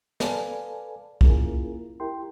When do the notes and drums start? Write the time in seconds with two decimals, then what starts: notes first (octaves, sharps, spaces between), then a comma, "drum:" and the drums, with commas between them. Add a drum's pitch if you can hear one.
0.20 A4 B4 D5 F5 G#5 A5, drum: snare
1.21 A#3 C#4 E4 F4 G#4 A#4, drum: kick
2.00 E4 G4 A#4 G5 C6